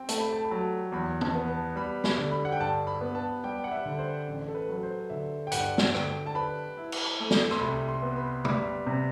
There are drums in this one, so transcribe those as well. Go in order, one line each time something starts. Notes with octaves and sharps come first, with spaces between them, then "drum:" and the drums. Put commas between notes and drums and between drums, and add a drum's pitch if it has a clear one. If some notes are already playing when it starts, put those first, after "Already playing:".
Already playing: C4 G5
A3 A5, drum: hi-hat
B5
A5
B5
F#3 A5
E2 B5
A5, drum: tom
B3
A5
G3 B5
B5, drum: snare
D3
B5
F#5
G5
G2 A5
B5
B3
A5
G3 G5
F#5
E5
D3
C5
A1
A4
B4
F#3 B4
C5
D3 E5
G5
G2 F#5, drum: hi-hat
drum: snare
D3 G5, drum: rim click
A5
B4 B5
E4
drum: cymbal
A3
drum: snare
C6, drum: rim click
C2 B5
C6
B3
B5
G3 B5, drum: tom
C3